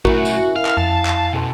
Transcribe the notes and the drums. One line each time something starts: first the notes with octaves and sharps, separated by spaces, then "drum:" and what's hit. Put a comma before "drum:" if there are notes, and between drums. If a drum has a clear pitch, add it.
B1 A3 C#4 E4 F#4 A#4, drum: kick A1
drum: tambourine
F5 F6
drum: clap
F2 A5
drum: clap
B2 C#4 A4 C6